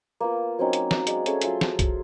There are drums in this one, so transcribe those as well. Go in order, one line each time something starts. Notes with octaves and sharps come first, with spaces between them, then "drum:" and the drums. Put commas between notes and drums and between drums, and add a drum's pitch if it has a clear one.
A#3 B3 F4
F#3 C4 C#4 D#4
drum: hi-hat
drum: snare
G#3 D5, drum: hi-hat
A3 C#4 G#4 A4, drum: hi-hat
F#3 F4 E5 C6, drum: hi-hat
drum: snare
drum: kick, hi-hat